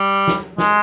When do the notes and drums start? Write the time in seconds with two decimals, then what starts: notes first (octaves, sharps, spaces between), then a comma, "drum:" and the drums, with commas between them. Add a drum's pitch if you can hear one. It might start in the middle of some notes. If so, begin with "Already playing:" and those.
Already playing: G3
0.28 drum: snare
0.58 G#3, drum: snare